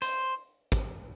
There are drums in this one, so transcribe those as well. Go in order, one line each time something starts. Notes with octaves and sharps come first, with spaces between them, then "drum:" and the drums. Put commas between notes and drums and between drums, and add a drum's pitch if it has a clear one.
C5, drum: hi-hat
drum: kick, hi-hat